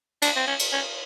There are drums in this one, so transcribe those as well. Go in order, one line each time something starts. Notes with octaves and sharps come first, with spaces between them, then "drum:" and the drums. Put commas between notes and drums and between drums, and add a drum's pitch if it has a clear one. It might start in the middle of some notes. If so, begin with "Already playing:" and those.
D4, drum: cymbal
C4
C#4
drum: cymbal
C#4